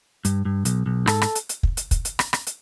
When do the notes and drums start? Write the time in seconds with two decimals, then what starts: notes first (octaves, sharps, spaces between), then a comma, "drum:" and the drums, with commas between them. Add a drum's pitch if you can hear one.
0.25 G2, drum: hi-hat
0.45 G2
0.65 B1, drum: hi-hat
0.86 B1
1.07 G#2 A4, drum: rim click
1.22 drum: rim click
1.35 drum: hi-hat
1.49 drum: hi-hat
1.63 drum: kick
1.77 drum: hi-hat
1.91 drum: kick, hi-hat
2.05 drum: hi-hat
2.19 drum: rim click
2.33 drum: rim click
2.47 drum: hi-hat